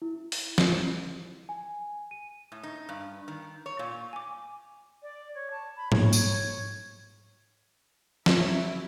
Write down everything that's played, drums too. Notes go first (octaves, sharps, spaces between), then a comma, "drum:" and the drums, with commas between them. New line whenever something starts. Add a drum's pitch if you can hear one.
E4
drum: open hi-hat
drum: snare
G#5
D#7
A2
D#4
G2
D#3
C#5
A#2
G#5 D6
D5
C#5
A5
B5
C#5, drum: tom G#2
drum: tambourine
F#3 E4, drum: snare